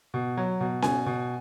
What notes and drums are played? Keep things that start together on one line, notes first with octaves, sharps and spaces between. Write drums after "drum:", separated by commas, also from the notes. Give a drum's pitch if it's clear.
B2
F#3
B2
B2 G#5, drum: snare C#4
B2